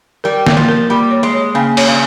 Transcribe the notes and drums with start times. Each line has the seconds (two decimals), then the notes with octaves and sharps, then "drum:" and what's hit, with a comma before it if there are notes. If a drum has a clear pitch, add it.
0.24 G3 A#4
0.46 A#3, drum: snare
0.57 F3
0.69 A#4
0.90 G3 A#3
1.11 C#5
1.23 G#3
1.33 C#5
1.55 C#3 A#3
1.77 C#5, drum: cymbal
1.87 C#3